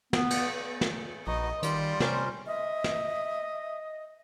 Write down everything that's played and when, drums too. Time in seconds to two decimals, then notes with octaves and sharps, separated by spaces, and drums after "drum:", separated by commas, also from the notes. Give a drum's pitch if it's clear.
0.13 B3, drum: snare
0.30 drum: cymbal
0.81 drum: snare
1.27 A#1 B3 D#4 F#4 D#5
1.63 D#3 G3 F4 C6, drum: hi-hat
2.00 C3 C#4 A#4 C5, drum: snare
2.47 D#5 E5
2.84 drum: snare